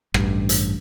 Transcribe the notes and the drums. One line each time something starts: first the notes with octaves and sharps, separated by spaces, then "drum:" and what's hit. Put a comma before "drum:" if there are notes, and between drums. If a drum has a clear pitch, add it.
A1 G2, drum: rim click
drum: hi-hat